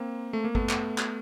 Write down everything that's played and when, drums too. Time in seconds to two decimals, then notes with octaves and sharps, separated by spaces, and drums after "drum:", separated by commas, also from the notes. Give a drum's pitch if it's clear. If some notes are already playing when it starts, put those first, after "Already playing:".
Already playing: A#3 C4
0.33 A3
0.44 A#3
0.55 A3 B3, drum: kick G#1
0.69 drum: clap
0.98 drum: clap